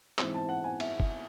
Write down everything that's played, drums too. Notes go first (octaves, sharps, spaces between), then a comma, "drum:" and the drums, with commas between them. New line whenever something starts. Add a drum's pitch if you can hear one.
G#2 E3 C4, drum: clap
A5
F#5
G#5
E5, drum: cymbal
drum: kick